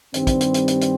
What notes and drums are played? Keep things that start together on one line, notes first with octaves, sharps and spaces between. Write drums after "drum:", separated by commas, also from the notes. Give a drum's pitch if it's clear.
G2 D#3 G3 C4, drum: hi-hat
drum: kick, hi-hat
drum: hi-hat
drum: hi-hat
drum: hi-hat
drum: hi-hat